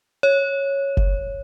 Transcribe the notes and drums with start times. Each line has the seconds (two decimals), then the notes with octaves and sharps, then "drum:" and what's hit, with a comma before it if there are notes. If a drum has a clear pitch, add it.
0.23 C#5
0.97 drum: kick F#1